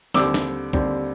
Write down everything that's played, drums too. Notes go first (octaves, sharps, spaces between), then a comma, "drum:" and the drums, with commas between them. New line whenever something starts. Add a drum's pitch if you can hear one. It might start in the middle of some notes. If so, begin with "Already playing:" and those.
D#2 D3 G3 C4 D6 E6, drum: snare
drum: snare
D#2 D3 G3 C4, drum: kick